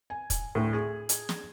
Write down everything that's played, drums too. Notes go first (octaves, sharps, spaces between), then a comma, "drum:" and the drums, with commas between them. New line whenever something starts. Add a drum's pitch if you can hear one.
G#5
drum: kick, hi-hat
D2 A2
G#4
drum: hi-hat
drum: snare